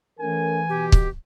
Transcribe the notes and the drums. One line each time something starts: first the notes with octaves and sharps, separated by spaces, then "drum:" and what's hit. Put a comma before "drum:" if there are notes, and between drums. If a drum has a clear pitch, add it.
E3 A3 C#4 A#4 G#5
B2 G4
drum: kick